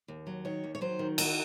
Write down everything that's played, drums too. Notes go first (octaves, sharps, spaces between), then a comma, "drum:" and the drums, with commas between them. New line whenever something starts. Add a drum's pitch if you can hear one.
D#2
F#3
D#3 C#5
D#2
C#5
F#3 C5
D#3
D#2 F#4, drum: cymbal